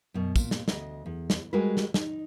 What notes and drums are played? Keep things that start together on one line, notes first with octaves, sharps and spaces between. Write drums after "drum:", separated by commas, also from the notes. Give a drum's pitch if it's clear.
F#2 B2
A#2, drum: kick, tambourine
drum: snare
D2 D#5, drum: snare
E2
drum: snare
G3 G#3 F#4 G#4 A#4 B4
drum: snare
D#4, drum: snare